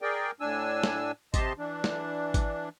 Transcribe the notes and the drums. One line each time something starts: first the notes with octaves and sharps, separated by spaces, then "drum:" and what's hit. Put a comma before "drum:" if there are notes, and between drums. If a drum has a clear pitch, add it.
G#4 A#4 D5 G5
A2 D4 G#5 E6
drum: snare
C3 G4 D#5 A5 C6, drum: kick G#1, hi-hat
E3 D4
drum: snare
drum: kick G#1, hi-hat